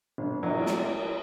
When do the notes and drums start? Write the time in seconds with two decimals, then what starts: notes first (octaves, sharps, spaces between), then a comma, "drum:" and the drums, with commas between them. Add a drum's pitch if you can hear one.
0.18 G1
0.43 F#3, drum: cymbal
0.66 drum: snare